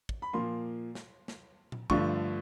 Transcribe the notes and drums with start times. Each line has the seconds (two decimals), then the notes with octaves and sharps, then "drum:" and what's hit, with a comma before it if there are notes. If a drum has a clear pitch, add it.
0.09 drum: kick
0.22 B5
0.33 A#2 F3 A#3 C6
0.95 drum: snare
1.28 drum: snare
1.72 drum: tom A#2
1.90 G2 D3 F3 A3 C#6, drum: kick